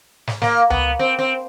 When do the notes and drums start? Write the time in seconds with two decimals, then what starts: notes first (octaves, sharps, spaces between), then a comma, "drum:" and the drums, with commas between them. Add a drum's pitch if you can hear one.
0.27 drum: snare
0.42 A#3, drum: snare
0.70 B3, drum: tom C#2
0.99 C4
1.19 C4